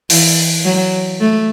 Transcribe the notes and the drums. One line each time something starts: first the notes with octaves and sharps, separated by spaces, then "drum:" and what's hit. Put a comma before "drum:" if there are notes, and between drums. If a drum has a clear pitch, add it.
E3, drum: open hi-hat
F#3
A3